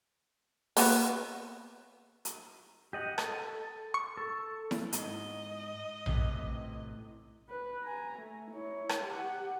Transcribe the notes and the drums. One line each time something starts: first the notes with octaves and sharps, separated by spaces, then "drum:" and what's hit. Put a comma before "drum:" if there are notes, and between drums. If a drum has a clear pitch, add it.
A#3 B3 F#4, drum: open hi-hat
drum: hi-hat
G4 D#5 F#5
A4, drum: rim click
C#6
A4
drum: snare E4
G#2 D#5, drum: hi-hat
A2 C3 E3, drum: tom A#1
B4
G#5 A#5
A3
E4 C#5
drum: rim click
G4 F#5